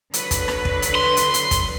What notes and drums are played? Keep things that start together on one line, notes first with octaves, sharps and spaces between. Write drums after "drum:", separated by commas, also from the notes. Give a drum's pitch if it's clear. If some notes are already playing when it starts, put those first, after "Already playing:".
D3 F#3 B4, drum: hi-hat
drum: kick, hi-hat
drum: rim click
drum: kick
drum: hi-hat
C6
drum: hi-hat
drum: hi-hat
drum: kick, hi-hat